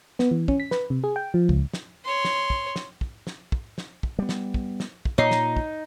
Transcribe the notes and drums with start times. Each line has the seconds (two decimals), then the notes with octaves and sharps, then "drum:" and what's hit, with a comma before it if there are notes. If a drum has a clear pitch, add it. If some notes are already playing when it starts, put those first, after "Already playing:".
0.19 B3, drum: snare
0.31 E3
0.48 C#4, drum: kick
0.60 B6
0.71 B4, drum: snare
0.90 C3
1.04 G#4
1.16 G5
1.34 F3
1.49 C#2, drum: kick
1.73 drum: snare
2.05 C#5 C6
2.25 drum: snare
2.50 drum: kick
2.76 drum: snare
3.01 drum: kick
3.27 drum: snare
3.52 drum: kick
3.78 drum: snare
4.03 drum: kick
4.19 G3 B3
4.29 drum: snare
4.54 drum: kick
4.80 drum: snare
5.05 drum: kick
5.18 A#2 D#4 C#5 C7
5.31 drum: snare
5.57 drum: kick